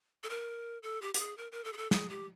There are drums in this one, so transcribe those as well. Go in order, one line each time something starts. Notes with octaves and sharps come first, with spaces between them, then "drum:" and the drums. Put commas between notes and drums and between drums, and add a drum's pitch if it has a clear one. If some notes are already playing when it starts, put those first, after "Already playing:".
A4
A#4
A4
G4
G4, drum: hi-hat
G#4
A#4
A#4
A4
G#4
A4
G#4, drum: snare
G4